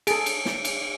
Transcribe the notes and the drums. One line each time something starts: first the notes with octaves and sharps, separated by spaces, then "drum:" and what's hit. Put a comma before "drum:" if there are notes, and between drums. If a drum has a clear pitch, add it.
G#4 A4 D7, drum: cymbal
drum: cymbal
drum: snare
drum: cymbal